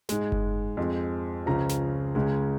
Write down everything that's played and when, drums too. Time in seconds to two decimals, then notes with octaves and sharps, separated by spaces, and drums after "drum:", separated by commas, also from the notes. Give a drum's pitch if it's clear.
0.09 G#2 G#3, drum: snare
0.32 drum: kick F#1
0.77 F2 F3 G#3
1.46 C#2 C#3 F3 A#5
1.69 drum: snare
2.15 C#2 C#3 G#3